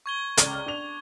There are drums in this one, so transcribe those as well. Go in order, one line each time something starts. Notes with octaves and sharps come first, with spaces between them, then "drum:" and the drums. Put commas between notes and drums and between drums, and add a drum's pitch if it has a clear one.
C#6 G#6 G7
C#2 D5 F6, drum: hi-hat
D4 F7